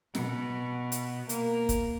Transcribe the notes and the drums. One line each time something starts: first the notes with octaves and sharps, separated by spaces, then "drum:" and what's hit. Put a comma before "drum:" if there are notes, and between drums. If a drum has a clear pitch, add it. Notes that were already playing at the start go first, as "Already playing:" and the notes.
B2, drum: snare
drum: hi-hat
A#3, drum: hi-hat
drum: kick, hi-hat